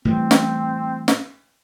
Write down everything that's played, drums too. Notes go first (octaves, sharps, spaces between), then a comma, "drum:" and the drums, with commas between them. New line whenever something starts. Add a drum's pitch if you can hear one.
A2 E3 G3 C4
drum: snare
drum: snare